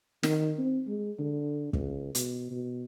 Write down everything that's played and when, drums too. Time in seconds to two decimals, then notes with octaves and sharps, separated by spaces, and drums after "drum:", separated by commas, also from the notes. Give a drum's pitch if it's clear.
0.23 D#3, drum: snare
0.58 C4
0.87 G#3
1.19 D3
1.73 C#2, drum: kick
2.15 B2, drum: hi-hat
2.51 B2